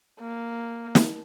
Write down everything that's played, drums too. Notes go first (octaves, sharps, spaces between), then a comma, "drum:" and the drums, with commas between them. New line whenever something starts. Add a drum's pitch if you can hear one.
A#3
drum: snare